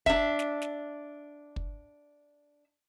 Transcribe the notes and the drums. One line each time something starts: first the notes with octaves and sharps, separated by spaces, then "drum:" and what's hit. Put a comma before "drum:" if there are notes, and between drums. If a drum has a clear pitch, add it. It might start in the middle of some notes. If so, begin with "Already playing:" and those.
D4 E5, drum: kick
drum: snare
drum: snare
drum: kick